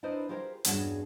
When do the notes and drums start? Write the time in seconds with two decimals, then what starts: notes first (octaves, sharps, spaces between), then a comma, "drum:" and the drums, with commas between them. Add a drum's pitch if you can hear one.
0.03 D4 E4 A#4 C5 D#5
0.29 F4 G4 G#4 A#4 C5
0.65 E2 G2 C#4 F#4 G#4 A5, drum: hi-hat